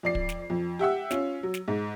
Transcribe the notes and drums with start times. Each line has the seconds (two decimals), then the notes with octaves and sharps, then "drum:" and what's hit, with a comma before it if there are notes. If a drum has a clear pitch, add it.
0.03 F2 D5 C7
0.15 drum: kick
0.29 drum: snare
0.50 F2
0.79 G4 E5 F#5 E6
1.11 C#4 F4, drum: snare
1.43 F#3
1.54 drum: snare
1.68 G#2